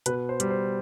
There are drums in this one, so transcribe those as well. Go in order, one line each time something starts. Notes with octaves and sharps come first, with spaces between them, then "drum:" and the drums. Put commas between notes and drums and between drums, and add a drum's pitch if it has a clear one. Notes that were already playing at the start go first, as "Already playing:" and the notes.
B2 B4, drum: hi-hat
C5
G3, drum: hi-hat
C5